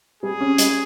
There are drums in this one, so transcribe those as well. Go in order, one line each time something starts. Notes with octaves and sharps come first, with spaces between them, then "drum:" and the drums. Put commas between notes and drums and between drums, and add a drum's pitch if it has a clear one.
G3 G#4
C#4
G3, drum: hi-hat